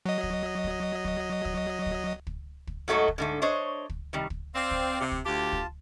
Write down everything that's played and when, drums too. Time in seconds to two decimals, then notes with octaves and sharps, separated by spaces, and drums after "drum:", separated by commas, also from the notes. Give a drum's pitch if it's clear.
0.06 F#3 D#5
0.23 drum: kick
0.64 drum: kick
1.05 drum: kick
1.45 drum: kick
1.86 drum: kick
2.27 drum: kick
2.67 drum: kick
2.88 G#2 F#3 A3 F#4 D#5
3.08 drum: kick
3.18 G#2 D3 A3
3.42 D4 C5 C#5 D#5
3.90 drum: kick
4.13 C3 D#3 G3
4.30 drum: kick
4.55 C4 D5 F5
4.71 drum: kick
5.00 C3
5.12 drum: kick
5.25 D2 F4 G4 A5
5.52 drum: kick